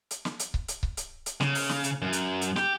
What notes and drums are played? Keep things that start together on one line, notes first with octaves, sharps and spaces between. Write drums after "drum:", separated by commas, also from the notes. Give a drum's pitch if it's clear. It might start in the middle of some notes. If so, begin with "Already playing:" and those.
drum: hi-hat
drum: snare
drum: hi-hat
drum: kick C#1
drum: hi-hat
drum: kick C#1
drum: hi-hat
drum: hi-hat
C#3, drum: snare
drum: open hi-hat
drum: snare
drum: hi-hat
F#2
drum: hi-hat
drum: hi-hat
G4, drum: snare